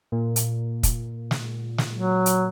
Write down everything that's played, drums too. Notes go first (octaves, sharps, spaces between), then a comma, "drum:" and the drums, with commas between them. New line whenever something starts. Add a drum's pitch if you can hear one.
A#2
drum: hi-hat
drum: kick, hi-hat
drum: snare
drum: snare
F#3
drum: hi-hat